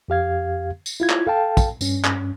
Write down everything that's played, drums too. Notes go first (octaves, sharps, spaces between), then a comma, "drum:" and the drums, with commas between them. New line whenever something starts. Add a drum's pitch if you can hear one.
F2 G4 F5 G#6
drum: tambourine
E4 F4 G#6
drum: clap
A4 F5 G5 A5
drum: kick, tambourine
G2 C#4, drum: tambourine
drum: clap